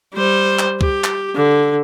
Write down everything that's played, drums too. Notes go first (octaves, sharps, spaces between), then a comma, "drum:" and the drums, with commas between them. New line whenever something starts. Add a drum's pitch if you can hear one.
G3 C5
drum: clap
G4, drum: kick
drum: clap
D3